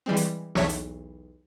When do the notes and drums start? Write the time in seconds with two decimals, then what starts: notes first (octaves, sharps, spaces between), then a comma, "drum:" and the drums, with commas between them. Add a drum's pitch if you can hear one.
0.06 E3 G3 G#3 C4
0.17 drum: hi-hat
0.55 B1 E2 C#5 E5 A5 B6, drum: snare
0.69 drum: hi-hat